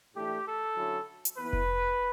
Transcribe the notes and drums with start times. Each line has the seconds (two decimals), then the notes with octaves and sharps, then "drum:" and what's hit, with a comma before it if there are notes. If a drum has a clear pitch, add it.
0.15 A2 E3 A3 D4 G4
0.46 A4
0.77 D3 F#3 C#4 E4
1.25 drum: hi-hat
1.39 E3 B3 E4 B4
1.53 drum: kick F1